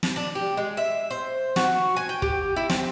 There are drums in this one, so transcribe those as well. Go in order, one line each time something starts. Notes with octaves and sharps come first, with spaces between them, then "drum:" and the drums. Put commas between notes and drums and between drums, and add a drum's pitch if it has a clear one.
drum: snare
D4
G4
G#3
E5
C5
F#4, drum: snare
G#5
G5
G4, drum: kick
E4
C4, drum: snare